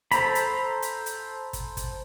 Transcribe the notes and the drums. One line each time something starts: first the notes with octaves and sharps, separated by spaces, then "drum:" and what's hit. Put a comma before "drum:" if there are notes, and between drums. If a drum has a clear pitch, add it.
A4 C5 A#5 B5, drum: hi-hat
drum: hi-hat
drum: hi-hat
drum: hi-hat
drum: kick, hi-hat
drum: kick, hi-hat